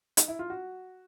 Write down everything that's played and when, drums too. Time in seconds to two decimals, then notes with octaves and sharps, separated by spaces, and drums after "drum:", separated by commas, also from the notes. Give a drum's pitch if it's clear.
0.17 D#4, drum: hi-hat
0.28 E4
0.39 F4
0.50 F#4